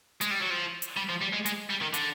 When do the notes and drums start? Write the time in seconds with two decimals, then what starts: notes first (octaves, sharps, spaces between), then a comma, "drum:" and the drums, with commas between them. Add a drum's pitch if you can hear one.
0.21 G#3, drum: hi-hat
0.31 G3
0.40 F#3
0.50 F3
0.82 drum: hi-hat
0.97 G3
1.10 F3
1.22 G3
1.33 G#3
1.46 G#3, drum: hi-hat
1.70 G3
1.82 D#3
1.94 D3, drum: hi-hat